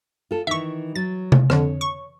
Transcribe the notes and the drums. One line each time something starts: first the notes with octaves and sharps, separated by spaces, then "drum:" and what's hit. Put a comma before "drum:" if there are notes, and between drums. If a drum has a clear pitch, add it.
F4 A4
D#3 E3 E5 C#6
F#3 A6
drum: tom C3
F2 D3 C#5, drum: rim click
C#6